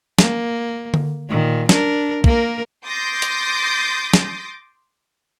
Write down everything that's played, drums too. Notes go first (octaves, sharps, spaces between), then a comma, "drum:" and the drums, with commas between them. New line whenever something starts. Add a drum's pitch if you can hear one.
A#3, drum: snare
drum: tom D3
A#2 D#3
D4 A#4, drum: snare
A#3 A#4, drum: kick
C6 D6 D#6 G6 A6 A#6
drum: hi-hat
drum: snare